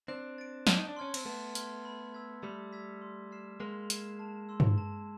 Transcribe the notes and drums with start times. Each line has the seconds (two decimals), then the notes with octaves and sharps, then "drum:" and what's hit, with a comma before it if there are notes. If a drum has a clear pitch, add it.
0.08 C4 D4 F#6
0.38 A6 D7
0.67 A5, drum: snare
0.77 D#4
0.89 D4
0.96 C#4 C6 F6 G#6
1.14 C4, drum: cymbal
1.25 A3 B3 A5
1.55 C6 F6 G#6, drum: hi-hat
1.85 B5
2.14 E6 G#6 B6
2.43 G3 A3 B5
2.73 E6 G#6 B6
3.02 C6
3.31 F6 G#6 C7 E7
3.60 G#3 A#3 C6
3.90 F6 G#6 C7 E7, drum: hi-hat
4.19 A5
4.49 C6 E6
4.60 drum: tom G2
4.78 A5